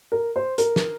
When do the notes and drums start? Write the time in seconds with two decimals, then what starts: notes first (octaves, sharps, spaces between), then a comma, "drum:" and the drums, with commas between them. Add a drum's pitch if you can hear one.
0.12 A#4
0.36 C5
0.58 A#4, drum: hi-hat
0.76 drum: snare